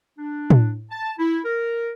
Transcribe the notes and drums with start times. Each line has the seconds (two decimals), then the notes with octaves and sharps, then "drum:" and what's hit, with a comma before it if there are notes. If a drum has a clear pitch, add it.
0.18 D4
0.50 drum: tom
0.90 A5
1.19 E4
1.45 A#4